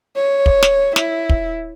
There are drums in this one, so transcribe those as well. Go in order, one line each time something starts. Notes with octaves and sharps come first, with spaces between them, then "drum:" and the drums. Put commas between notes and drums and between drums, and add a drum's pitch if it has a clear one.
C#5
drum: kick
drum: snare
E4, drum: snare
drum: kick